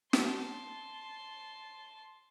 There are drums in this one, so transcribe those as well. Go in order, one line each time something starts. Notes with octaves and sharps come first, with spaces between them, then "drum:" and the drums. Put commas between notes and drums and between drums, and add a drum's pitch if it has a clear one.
A5 C6, drum: snare